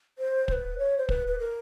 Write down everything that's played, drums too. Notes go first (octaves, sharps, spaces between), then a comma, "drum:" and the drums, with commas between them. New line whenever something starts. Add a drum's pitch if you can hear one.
C5
C5, drum: kick
B4
C#5
C5
B4, drum: kick
B4
A#4